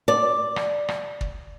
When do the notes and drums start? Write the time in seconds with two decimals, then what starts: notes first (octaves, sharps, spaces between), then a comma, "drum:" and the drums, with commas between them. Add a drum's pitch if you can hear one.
0.08 D5
0.56 drum: rim click
0.88 drum: rim click
1.21 drum: kick